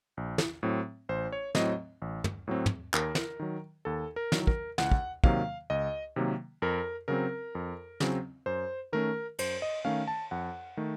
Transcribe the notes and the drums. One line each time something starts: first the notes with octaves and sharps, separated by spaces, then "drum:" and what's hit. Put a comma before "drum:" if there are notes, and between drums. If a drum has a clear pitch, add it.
A#1
drum: snare
A2 F#3 C4
A1 C5
C#5
A2 F#3 C4 D#5, drum: snare
A1
drum: tom
A2 F#3 C4
drum: tom
D#2 A#4, drum: clap
drum: snare
D#3 F#3
D#2 A4
A#4
D#3 F#3, drum: snare
A#4, drum: kick
C#2 F#5, drum: snare
drum: kick
C3 D#3 F#3 A#3 F5, drum: kick
C#2 D#5
C3 D#3 F#3 A#3
F2 A#4
C#3 F#3 C4 A#4
F2
C#3 F#3 C4, drum: snare
F#2 C5
D#3 A3 C#4 A#4
F#2 C5, drum: cymbal
D#5
D#3 A3 C#4 F5
A5
F2 F#5
D#3 A3